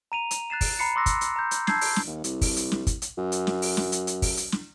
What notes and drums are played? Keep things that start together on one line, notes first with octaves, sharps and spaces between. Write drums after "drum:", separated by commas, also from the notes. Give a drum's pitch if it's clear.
A#5 D#7 F7
drum: hi-hat
F#6 A6 C7 E7
drum: kick, open hi-hat
A#5 B5 C7 C#7
C6 D6 E6 F#6 A#6
drum: kick, hi-hat
drum: hi-hat
A#5 G6
drum: hi-hat
A5 E6 G6 G#6 C7, drum: snare
drum: open hi-hat
drum: snare
D#2
C2, drum: hi-hat
drum: kick, open hi-hat
drum: hi-hat
drum: snare
drum: kick, hi-hat
drum: hi-hat
F#2
drum: hi-hat
drum: snare
drum: open hi-hat
drum: snare
drum: hi-hat
drum: hi-hat
drum: kick, open hi-hat
drum: hi-hat
drum: snare